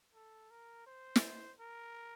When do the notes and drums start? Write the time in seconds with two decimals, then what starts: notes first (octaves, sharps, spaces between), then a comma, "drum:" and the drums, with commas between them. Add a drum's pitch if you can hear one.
0.15 A4
0.51 A#4
0.87 C5
1.16 drum: snare
1.60 A#4